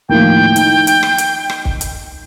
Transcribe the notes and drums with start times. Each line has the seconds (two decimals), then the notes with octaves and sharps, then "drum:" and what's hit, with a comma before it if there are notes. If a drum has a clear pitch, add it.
0.09 D#2 A2 F3 G5
0.56 D#4, drum: hi-hat
0.87 drum: hi-hat
1.03 drum: rim click
1.18 drum: hi-hat
1.50 drum: rim click
1.65 drum: kick
1.81 drum: hi-hat